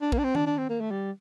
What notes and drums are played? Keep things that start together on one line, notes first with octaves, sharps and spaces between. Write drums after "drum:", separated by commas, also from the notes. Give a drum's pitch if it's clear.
D4
A#3, drum: kick
D4
C4
D4, drum: tom D#3
D4
C4
A#3
A3
G3